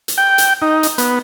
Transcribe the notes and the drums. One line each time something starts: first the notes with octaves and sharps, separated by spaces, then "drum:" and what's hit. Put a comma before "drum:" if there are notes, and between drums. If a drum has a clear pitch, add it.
drum: hi-hat
G5
drum: hi-hat
D#4
drum: hi-hat
B3, drum: hi-hat